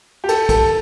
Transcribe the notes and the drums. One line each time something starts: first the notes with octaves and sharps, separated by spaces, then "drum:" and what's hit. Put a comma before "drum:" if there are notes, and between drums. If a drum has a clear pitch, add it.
G4
A4, drum: cymbal
A4, drum: kick, cymbal